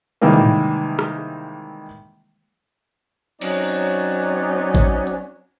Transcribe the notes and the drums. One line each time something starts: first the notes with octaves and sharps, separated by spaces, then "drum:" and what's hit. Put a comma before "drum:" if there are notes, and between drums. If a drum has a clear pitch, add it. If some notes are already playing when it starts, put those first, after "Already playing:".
C3 D#3 E3 G3 G#3 A#3
drum: tom
drum: rim click
F#3 C4 C#4 D#4 D5, drum: cymbal
drum: open hi-hat
drum: kick A1
drum: hi-hat